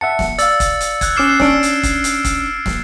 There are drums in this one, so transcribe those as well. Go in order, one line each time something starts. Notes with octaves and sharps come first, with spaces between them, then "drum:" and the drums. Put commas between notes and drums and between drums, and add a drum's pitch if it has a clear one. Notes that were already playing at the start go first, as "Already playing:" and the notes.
E5 F#5 A5 C#7
drum: snare
D5 F5 E6 A6, drum: hi-hat
drum: kick, hi-hat
drum: hi-hat
F#6 G#6, drum: kick, hi-hat
C#4 D6 F6 F#6 C7 E7
C#4 D4 E6 D7, drum: snare
drum: hi-hat
drum: kick, hi-hat
drum: hi-hat
drum: kick, hi-hat
drum: snare